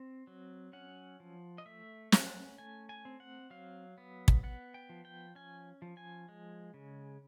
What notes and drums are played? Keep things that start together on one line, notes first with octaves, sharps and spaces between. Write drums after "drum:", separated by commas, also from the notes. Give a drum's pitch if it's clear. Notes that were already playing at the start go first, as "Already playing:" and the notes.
Already playing: C4
F#3
C#4 F#5
F3
D#5
A3 E5
C#4 F#5, drum: snare
A3 G#5
G#5
C4
F#5
F#3 F5
B3
drum: kick
B3 F#5
G5
F3
G5
C#4 G#5
F3
G#5
G#3
C#3